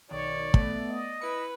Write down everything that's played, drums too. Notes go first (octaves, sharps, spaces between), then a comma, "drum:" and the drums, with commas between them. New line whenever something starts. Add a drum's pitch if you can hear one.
B1 D#3 C#5 D5
A3 B3, drum: kick
D#5
E4 B4 C#7